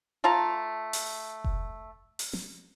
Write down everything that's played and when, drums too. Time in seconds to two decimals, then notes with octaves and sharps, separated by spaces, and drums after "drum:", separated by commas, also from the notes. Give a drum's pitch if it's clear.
0.24 A3 F4 A5 A#5
0.93 drum: open hi-hat
1.44 drum: kick F1
2.19 drum: open hi-hat
2.33 drum: snare